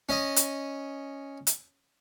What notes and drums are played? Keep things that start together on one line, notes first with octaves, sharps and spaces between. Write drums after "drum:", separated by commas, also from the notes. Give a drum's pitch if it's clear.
C#4 D#5
drum: hi-hat
drum: hi-hat